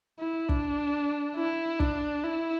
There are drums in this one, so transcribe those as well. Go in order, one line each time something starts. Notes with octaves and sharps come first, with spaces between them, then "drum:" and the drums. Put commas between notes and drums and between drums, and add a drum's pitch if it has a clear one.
E4
D4, drum: kick
E4
D4, drum: kick
E4